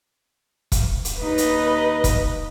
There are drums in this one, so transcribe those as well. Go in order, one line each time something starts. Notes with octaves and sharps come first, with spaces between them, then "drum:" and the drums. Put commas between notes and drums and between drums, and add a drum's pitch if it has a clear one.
drum: kick E1, hi-hat
drum: hi-hat
D#2 D#4 B4 D#5
drum: hi-hat
drum: kick E1, hi-hat